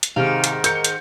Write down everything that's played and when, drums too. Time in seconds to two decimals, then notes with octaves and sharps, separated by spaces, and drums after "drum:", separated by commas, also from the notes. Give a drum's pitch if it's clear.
0.03 drum: hi-hat
0.16 G#2 C3 D#3 G#4 F5
0.44 drum: hi-hat
0.64 A#4 G6 C#7, drum: hi-hat
0.84 drum: hi-hat